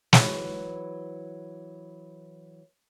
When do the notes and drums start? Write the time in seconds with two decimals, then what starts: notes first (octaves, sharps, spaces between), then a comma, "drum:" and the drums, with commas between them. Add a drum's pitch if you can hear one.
0.13 E3 F#3 B4, drum: snare